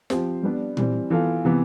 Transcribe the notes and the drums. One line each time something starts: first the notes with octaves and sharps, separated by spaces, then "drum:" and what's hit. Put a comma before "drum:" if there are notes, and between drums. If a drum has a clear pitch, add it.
F3 C4 G4 C5, drum: snare
G3 B3 D4
E3 G3 C4, drum: tom A#2
E3 B3 F4 A4
C3 E3 B3